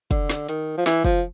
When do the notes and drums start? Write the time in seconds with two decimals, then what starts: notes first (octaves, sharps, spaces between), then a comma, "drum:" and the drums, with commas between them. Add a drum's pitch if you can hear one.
0.11 D3, drum: kick, hi-hat
0.29 drum: snare
0.48 D#3, drum: hi-hat
0.78 F3
0.86 E3, drum: snare
1.04 F3, drum: kick